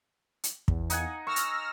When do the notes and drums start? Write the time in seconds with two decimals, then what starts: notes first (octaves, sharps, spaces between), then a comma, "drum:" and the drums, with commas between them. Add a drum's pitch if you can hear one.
0.44 drum: hi-hat
0.68 E2, drum: kick
0.90 D#4 F#5 G#5, drum: hi-hat
1.27 C#6 E6 F6 A#6
1.36 drum: hi-hat